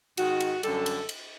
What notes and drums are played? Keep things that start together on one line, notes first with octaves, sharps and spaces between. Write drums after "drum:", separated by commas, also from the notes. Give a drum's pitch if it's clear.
G#2 D#3 G#3 F#4, drum: cymbal
drum: cymbal
F#2 D3 G3 A4, drum: cymbal
drum: cymbal
drum: cymbal